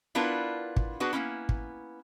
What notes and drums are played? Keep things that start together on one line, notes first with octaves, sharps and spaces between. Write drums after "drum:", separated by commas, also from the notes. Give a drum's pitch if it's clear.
B3 D4 E4 F4 A#4 B4
drum: kick
B3 D4 F#4 G#4 B4
A#3 B3 C#4 E4
drum: kick